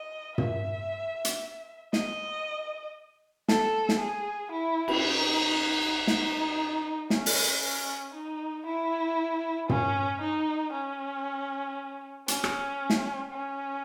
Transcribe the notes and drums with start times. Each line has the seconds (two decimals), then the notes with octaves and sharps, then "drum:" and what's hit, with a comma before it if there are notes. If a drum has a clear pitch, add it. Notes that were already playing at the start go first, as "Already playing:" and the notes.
Already playing: D#5
0.38 E5, drum: tom
1.25 drum: hi-hat
1.93 D#5, drum: snare
3.48 A4, drum: snare
3.89 drum: snare
4.00 G#4
4.52 E4
4.88 drum: cymbal
5.04 D#4
6.07 D#4, drum: snare
7.10 C#4, drum: snare
7.26 drum: open hi-hat
7.63 C#4
8.14 D#4
8.66 E4
9.69 C#4, drum: tom
10.22 D#4
10.73 C#4
12.28 C#4, drum: hi-hat
12.44 drum: rim click
12.90 drum: snare
13.32 C#4